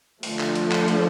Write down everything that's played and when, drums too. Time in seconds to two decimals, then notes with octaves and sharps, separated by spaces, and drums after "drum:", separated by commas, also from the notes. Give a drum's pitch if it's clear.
0.23 D3 F3 A3, drum: open hi-hat
0.39 drum: clap
0.56 drum: hi-hat
0.72 drum: clap
0.88 drum: hi-hat